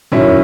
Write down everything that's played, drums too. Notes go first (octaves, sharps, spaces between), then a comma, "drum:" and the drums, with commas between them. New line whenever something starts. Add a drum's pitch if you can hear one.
F#2 D#3 F#3 C#4 E4, drum: tom